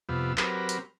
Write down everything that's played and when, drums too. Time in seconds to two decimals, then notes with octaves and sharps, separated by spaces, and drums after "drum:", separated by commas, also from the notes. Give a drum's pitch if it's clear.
0.09 F2 C3 G3 B3 F4 E6
0.37 F#3 C4 G4 A#4 B4, drum: clap
0.69 drum: hi-hat